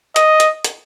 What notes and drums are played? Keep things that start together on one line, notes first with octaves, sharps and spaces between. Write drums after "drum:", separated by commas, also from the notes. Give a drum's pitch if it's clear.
D#5, drum: hi-hat
drum: hi-hat
drum: hi-hat